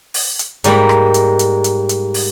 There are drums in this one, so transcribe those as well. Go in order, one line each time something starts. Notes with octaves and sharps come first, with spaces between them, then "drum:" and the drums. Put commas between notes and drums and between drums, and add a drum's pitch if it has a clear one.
drum: open hi-hat
drum: hi-hat
G#2 G3 A#3 B5, drum: hi-hat
drum: rim click
drum: hi-hat
drum: hi-hat
drum: hi-hat
drum: hi-hat
drum: open hi-hat